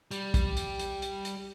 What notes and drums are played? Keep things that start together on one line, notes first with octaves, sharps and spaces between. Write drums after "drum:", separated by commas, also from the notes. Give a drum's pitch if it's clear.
G3, drum: hi-hat
drum: kick, hi-hat
drum: hi-hat
drum: hi-hat
drum: hi-hat
drum: hi-hat